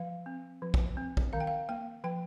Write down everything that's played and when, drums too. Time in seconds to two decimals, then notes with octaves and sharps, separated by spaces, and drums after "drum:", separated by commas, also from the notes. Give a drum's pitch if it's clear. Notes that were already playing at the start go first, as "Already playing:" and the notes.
Already playing: F3 F5
0.26 C4
0.62 F3
0.74 drum: kick
0.97 C4
1.17 drum: kick
1.33 D#3 F5
1.40 G5
1.47 F5
1.69 A#3 G5
2.04 F3 G5